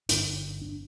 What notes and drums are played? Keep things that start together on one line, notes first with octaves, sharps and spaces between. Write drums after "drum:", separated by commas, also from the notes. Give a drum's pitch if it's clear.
G1 G2 D3, drum: hi-hat
D4